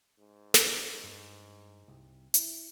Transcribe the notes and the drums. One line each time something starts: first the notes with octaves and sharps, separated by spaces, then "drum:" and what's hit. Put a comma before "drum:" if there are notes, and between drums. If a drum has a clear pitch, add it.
G#2
D4, drum: snare
G2
C2
E4, drum: hi-hat